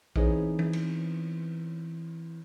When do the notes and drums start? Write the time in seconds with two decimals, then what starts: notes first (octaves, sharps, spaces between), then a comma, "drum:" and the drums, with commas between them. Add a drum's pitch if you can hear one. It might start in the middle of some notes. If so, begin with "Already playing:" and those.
0.16 E3 B3 C4 D#4 G#4 C#5, drum: kick A#1
0.59 drum: tom E3
0.73 drum: cymbal